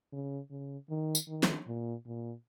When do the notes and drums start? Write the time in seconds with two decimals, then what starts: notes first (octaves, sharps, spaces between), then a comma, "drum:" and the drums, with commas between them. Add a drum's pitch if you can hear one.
0.13 C#3
0.50 C#3
0.90 D#3
1.15 drum: tambourine
1.28 D#3
1.43 drum: snare
1.67 A#2
2.06 A#2